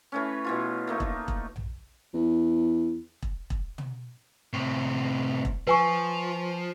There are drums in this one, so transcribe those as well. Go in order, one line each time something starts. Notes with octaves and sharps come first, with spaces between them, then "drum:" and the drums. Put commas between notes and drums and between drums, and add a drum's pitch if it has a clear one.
E3 A3 C#4
B2 E3 F4
A3 A#3 D#4
drum: kick E1
drum: kick E1
drum: tom A#1
E2
drum: kick E1
drum: kick E1
drum: tom
A2 C3
drum: kick E1
F3 B4 G#5 C#6